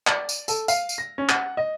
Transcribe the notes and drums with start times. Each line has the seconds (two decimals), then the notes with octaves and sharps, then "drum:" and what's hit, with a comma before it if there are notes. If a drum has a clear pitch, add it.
0.07 D5, drum: clap
0.29 drum: tambourine
0.48 A4, drum: tambourine
0.68 F5, drum: tambourine
0.89 drum: tambourine
0.98 A#6
1.18 C#4
1.29 F#5, drum: clap
1.57 D#5